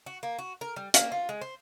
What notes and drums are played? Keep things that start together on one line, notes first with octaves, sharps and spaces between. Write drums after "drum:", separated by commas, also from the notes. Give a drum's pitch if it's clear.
F#4
A#3
F#4
A#4
G3
A#3, drum: hi-hat
F4
G#3
C5